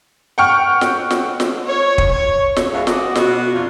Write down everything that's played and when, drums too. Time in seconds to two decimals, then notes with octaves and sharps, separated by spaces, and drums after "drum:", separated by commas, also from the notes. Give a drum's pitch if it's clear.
0.38 F#5 G5 C#6 F6
0.81 drum: snare
1.11 drum: snare
1.40 drum: snare
1.69 C#5
1.98 drum: kick
2.12 C#5
2.56 drum: snare
2.72 F#2 B2 E3 G#3 C#5 F5
2.87 F#4 D5 D#5, drum: snare
3.15 B2 F#4, drum: snare
3.53 F2 C3 D4 F4